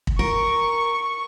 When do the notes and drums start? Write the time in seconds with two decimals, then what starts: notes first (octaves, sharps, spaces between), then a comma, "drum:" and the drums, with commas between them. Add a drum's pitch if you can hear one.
0.07 drum: kick
0.19 A#4 C#6